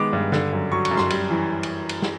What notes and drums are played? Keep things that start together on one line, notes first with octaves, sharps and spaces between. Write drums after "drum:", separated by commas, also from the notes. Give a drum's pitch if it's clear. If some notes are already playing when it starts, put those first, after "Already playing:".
Already playing: D#3 G#3 B3 D6
G2
D3, drum: snare
F#2
F#3 C#6
C#6, drum: cymbal
F#2
C6, drum: snare
G3, drum: cymbal
E3
drum: cymbal
drum: cymbal
drum: snare